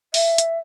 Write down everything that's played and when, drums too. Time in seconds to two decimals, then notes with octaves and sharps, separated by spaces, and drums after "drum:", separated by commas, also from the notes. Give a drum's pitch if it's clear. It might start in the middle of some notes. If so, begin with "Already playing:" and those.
0.14 E5, drum: open hi-hat
0.38 drum: hi-hat